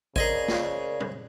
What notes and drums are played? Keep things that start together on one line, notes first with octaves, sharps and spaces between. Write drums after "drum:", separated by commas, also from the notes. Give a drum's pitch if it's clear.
C#3 G#4 A#4 C5 D5 D#5 G#5, drum: kick
drum: snare
drum: tom